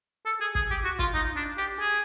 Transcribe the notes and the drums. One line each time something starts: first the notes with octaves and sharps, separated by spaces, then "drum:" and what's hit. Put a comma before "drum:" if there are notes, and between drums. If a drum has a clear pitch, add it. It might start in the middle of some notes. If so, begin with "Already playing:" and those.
A4
G#4
G#4, drum: kick
G4
F#4
F4, drum: kick, hi-hat
D#4
D4
G4, drum: hi-hat
G#4